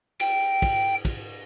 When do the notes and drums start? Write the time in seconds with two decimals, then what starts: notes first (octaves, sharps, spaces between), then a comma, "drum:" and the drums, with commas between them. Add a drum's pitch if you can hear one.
0.20 G5, drum: cymbal
0.62 drum: kick, cymbal
1.05 drum: kick, cymbal